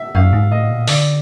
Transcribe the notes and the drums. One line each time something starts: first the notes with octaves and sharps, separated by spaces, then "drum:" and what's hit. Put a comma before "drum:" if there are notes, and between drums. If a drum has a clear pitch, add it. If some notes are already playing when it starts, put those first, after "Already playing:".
Already playing: E5
F#2 F5
G#2
A2 D#5
A#2
D3 D5, drum: open hi-hat